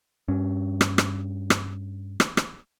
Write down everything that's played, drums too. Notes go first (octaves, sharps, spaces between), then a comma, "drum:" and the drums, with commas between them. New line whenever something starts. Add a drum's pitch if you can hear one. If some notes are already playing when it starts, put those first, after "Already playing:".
G2 C#4
drum: rim click
drum: rim click
drum: rim click
drum: rim click
drum: rim click